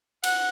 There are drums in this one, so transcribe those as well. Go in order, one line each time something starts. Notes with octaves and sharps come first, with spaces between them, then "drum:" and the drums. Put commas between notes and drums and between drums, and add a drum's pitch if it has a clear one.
F#5, drum: cymbal